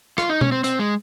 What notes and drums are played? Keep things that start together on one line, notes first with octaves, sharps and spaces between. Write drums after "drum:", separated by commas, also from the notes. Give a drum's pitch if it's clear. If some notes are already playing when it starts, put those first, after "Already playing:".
F4, drum: rim click
D#4
C#4, drum: tom B2
C4
C4, drum: hi-hat
G#3